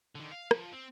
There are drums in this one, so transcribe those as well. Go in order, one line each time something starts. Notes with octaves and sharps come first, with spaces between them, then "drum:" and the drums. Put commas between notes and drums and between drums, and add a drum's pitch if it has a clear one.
D3 D#3
F5
F3, drum: rim click
C4